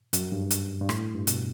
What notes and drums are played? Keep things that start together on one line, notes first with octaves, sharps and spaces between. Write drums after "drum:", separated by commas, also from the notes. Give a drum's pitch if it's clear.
F#2, drum: hi-hat
G2
drum: hi-hat
G2
A2, drum: rim click
G2
B2, drum: hi-hat